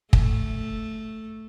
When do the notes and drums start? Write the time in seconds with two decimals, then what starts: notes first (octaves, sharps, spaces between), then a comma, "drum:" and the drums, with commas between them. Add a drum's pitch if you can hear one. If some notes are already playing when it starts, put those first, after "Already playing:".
0.13 A3, drum: kick